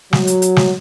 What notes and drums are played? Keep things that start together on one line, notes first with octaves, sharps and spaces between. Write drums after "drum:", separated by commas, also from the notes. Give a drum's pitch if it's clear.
F#3, drum: snare
drum: hi-hat
drum: hi-hat
drum: snare